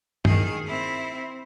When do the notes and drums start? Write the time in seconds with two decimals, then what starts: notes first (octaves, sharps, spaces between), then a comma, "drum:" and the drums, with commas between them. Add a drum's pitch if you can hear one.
0.25 D#3 G#4, drum: tom G2
0.66 C4 E4